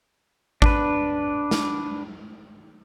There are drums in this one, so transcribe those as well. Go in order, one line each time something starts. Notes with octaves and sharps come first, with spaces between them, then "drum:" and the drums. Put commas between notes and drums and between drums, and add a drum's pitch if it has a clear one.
D4 B4, drum: kick G#1
drum: snare